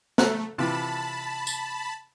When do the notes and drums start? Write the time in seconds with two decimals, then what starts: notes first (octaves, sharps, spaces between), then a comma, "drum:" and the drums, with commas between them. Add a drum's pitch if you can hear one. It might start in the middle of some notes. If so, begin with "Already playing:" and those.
0.18 A3 A4 A#5 F#6, drum: snare
0.58 C3 E3 F4 A5 B5
1.47 drum: tambourine